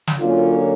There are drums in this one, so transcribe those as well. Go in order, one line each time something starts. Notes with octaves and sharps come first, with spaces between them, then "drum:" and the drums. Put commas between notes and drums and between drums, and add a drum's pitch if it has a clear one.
drum: snare
D3 F#3 A#3 C#4 F4